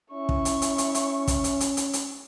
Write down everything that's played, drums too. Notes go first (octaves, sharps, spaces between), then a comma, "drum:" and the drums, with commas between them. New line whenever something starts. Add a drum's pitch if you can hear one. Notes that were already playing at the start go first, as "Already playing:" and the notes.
C#4 E4 C#6
drum: kick
drum: hi-hat
drum: hi-hat
drum: hi-hat
drum: hi-hat
drum: kick, hi-hat
drum: hi-hat
drum: hi-hat
drum: hi-hat
drum: hi-hat